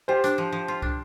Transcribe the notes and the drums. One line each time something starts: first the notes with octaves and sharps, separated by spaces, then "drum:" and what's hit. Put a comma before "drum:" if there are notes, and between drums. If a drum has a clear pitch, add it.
F4 G4 C5
D4, drum: hi-hat
F3
F3
F4
D4, drum: kick